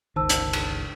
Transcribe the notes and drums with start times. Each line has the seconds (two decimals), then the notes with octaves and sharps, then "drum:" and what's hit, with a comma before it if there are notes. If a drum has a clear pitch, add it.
0.16 G1 C#2 D#3 C5 A5 E6
0.29 drum: hi-hat
0.53 drum: cymbal